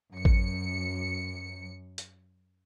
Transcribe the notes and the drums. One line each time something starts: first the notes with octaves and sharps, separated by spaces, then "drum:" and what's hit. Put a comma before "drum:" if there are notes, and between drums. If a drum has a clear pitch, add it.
F#2 C#7
drum: kick A1
drum: hi-hat